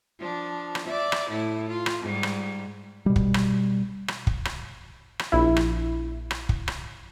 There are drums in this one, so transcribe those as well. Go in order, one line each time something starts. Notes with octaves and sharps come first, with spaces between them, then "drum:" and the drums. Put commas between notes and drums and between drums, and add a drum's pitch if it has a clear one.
F3 D4
drum: rim click
D5 E5
drum: rim click
A2 E4
F4
drum: rim click
G#2 G3
drum: rim click
B2 G3
drum: kick
drum: rim click
drum: rim click
drum: kick
drum: rim click
drum: rim click
A#1 E4
drum: rim click
drum: rim click
drum: kick
drum: rim click